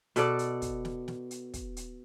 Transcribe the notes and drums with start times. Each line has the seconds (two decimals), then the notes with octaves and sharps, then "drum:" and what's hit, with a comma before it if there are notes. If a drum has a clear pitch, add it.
0.16 B2 A4 D5, drum: hi-hat
0.39 drum: hi-hat
0.62 drum: kick, hi-hat
0.85 drum: snare
1.08 drum: snare
1.31 drum: hi-hat
1.54 drum: kick, hi-hat
1.77 drum: hi-hat